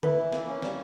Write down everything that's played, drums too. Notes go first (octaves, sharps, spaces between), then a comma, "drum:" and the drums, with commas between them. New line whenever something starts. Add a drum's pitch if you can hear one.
E4 B4, drum: tom D3
E3
A#3, drum: snare
C#4
G3, drum: snare